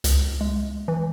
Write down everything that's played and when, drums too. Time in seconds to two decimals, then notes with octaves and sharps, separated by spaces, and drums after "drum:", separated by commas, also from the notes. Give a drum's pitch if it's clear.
0.04 C#2, drum: hi-hat
0.41 G#3
0.88 E3